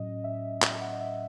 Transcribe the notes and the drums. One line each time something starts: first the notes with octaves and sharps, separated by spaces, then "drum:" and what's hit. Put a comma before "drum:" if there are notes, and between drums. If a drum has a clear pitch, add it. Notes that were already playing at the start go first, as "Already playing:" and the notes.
Already playing: A2 F#3 C#4 D#5
E5
drum: clap
F#5
D#5
E5